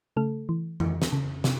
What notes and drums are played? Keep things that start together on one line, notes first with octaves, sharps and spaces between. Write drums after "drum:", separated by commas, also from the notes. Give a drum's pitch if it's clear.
C#3 A3 A4
E3
E3, drum: tom F2
drum: snare
C#3
C3, drum: snare